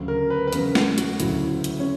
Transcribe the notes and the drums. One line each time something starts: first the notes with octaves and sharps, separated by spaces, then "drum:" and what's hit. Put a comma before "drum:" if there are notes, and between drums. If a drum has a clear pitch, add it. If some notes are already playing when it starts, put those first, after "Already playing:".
Already playing: D2 C#3 F#3
A#4
B4
B4
E2 C#3 F#3 A#4, drum: hi-hat
drum: snare
F#4, drum: hi-hat
D2 C#3 F#3 E4, drum: hi-hat
drum: hi-hat
C#4